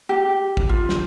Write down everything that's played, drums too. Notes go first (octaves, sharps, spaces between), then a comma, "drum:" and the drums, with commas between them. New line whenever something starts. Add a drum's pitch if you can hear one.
G4
drum: kick
F4
drum: snare